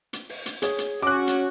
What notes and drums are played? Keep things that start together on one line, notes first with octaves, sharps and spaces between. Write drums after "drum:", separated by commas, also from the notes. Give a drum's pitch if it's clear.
drum: hi-hat
drum: open hi-hat
drum: hi-hat
G#4 C#5, drum: hi-hat
drum: hi-hat
C#4 F#4 D6 F#6
drum: hi-hat